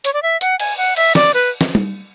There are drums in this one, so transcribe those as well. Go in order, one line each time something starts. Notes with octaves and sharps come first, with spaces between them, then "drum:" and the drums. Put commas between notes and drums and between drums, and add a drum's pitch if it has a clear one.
C#5, drum: hi-hat
D5
E5
F#5, drum: hi-hat
G#5, drum: cymbal
F#5
E5, drum: cymbal
D5, drum: snare
B4
drum: snare
drum: tom